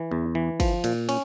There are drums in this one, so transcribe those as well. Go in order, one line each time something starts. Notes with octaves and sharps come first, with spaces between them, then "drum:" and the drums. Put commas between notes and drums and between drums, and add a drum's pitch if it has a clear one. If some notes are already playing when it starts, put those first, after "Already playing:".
Already playing: E3
E2
E3
F3, drum: kick, cymbal
A#2, drum: cymbal
C#4, drum: cymbal